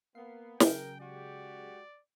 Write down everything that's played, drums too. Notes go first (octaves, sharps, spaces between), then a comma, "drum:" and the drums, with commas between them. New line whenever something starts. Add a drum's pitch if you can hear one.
A#3 B3 F5 C7
C#3 F#3 G#4 A#4 G5, drum: snare
G#3 F#4 G4 D5